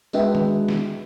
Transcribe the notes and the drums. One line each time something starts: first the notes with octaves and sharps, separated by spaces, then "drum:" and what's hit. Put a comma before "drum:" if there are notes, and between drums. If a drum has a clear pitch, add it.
G#3 D4 F#4 B4 E5 G5, drum: tambourine
drum: tom D#3
drum: snare